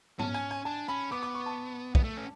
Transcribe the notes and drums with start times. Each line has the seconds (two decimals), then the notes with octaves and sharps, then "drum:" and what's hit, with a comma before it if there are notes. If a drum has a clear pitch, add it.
0.19 C#4 A5, drum: tom G#2
0.34 G#5
0.51 G#5
0.65 D4 A5
0.88 C#4 B5
1.12 B3 D6
1.23 D6
1.35 C#6
1.46 A5
1.95 B3, drum: kick
2.04 A3
2.17 C#4